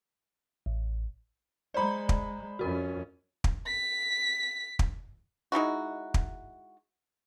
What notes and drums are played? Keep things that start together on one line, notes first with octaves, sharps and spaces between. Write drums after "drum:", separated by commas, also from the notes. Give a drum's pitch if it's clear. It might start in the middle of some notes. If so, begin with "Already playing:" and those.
A1
G#3 C5 D5 A#5 B5
drum: kick
F2 C#4 F#4 A#4
drum: kick
B6
drum: kick
G#3 D#4 E4 F#4
drum: kick